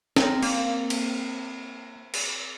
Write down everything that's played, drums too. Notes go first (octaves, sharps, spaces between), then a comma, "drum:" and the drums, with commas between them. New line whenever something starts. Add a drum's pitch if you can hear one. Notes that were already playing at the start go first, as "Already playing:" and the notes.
C4 A#4, drum: snare
A#3, drum: cymbal
drum: cymbal
drum: cymbal